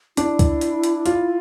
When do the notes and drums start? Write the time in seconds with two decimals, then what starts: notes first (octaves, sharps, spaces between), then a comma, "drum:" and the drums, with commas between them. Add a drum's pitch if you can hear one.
0.17 D4 E4, drum: hi-hat
0.39 drum: kick C#2, hi-hat
0.61 drum: hi-hat
0.83 drum: hi-hat
1.06 F4, drum: hi-hat